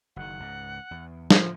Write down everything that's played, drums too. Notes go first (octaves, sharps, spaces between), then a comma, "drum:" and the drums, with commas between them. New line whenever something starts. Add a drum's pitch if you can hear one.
F#1 D#3 F#5
C#2 G#2
E2
A2 D3 F3, drum: snare